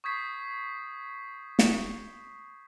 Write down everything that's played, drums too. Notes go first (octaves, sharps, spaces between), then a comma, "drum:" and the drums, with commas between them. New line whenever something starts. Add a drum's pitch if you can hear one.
C#6 D#6 G6 G#6 B6 C7
drum: snare